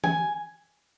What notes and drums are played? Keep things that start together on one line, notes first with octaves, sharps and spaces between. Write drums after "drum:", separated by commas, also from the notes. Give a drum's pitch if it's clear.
G#5, drum: tom E3